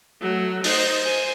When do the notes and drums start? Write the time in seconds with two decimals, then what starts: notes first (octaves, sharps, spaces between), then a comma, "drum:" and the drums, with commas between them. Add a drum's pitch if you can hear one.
0.21 F#3 A3
0.64 D#4 C5, drum: open hi-hat
1.03 C5 G#5